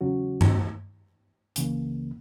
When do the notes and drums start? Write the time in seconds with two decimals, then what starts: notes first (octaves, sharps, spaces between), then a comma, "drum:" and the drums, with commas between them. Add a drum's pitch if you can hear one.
0.01 E2 C#3 F#3 C#4 F#4
0.41 drum: tom G2
1.56 C#2 C#3 E3 A#3, drum: hi-hat